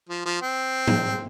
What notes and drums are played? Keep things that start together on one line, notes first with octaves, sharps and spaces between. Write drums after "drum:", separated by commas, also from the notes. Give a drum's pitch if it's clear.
F3
F3
C4
drum: tom